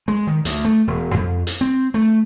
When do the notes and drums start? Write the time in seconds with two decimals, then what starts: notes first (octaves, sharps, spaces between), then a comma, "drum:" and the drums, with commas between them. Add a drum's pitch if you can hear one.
0.08 G#3
0.27 D#3
0.45 D2, drum: hi-hat
0.65 A3
0.87 E1
1.14 F2
1.47 drum: hi-hat
1.61 C4
1.94 A3